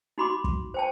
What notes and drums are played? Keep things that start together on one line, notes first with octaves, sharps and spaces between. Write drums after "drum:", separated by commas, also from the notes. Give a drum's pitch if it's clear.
D#4 F#4 B5 C6 D6
drum: kick
C5 G5 A5